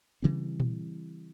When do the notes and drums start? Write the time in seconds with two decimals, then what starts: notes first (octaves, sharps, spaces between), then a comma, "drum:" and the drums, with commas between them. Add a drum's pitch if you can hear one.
0.22 C#3 E3 G3 C4
0.60 drum: tom A#2